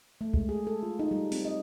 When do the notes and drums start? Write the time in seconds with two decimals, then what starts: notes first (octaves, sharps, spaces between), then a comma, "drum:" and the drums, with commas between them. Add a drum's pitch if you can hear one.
0.21 A3
0.34 G#3, drum: kick C2
0.49 G#4
0.67 A4
0.83 F4
0.99 D#4
1.11 G3
1.32 C4, drum: open hi-hat
1.45 D#5